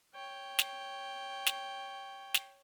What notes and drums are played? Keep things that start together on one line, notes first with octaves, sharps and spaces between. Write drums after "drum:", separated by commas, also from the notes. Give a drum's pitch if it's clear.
C#5 G5
drum: snare
drum: snare
drum: snare